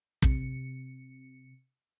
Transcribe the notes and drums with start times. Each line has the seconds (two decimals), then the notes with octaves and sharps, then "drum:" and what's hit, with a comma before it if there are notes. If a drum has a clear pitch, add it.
0.22 C3 C#7, drum: kick